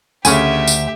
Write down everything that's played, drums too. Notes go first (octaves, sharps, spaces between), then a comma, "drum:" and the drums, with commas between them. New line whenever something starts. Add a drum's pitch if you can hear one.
D2 C#3 G4 E5 G#5, drum: tambourine
drum: tambourine